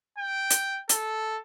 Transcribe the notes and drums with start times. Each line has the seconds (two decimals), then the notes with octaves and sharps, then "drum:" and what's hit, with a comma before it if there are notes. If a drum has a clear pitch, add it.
0.18 G5
0.50 drum: hi-hat
0.89 A4, drum: hi-hat